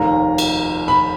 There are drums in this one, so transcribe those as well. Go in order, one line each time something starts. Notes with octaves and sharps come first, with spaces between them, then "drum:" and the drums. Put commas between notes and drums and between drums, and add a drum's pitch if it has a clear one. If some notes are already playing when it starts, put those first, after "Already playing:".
Already playing: F1 D#2 D#3 A#5
drum: cymbal
B5